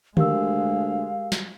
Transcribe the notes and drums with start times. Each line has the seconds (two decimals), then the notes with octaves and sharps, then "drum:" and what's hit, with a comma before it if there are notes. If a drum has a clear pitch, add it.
0.17 D2 G#3 G4 A#4 F5 E6, drum: tom D3
1.32 drum: snare